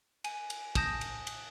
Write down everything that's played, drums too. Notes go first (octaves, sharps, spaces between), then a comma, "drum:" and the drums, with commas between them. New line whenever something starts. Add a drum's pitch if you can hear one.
G#5, drum: cymbal
drum: cymbal
G#5 A5 D#6 G6 A#6, drum: kick, cymbal
drum: cymbal
drum: cymbal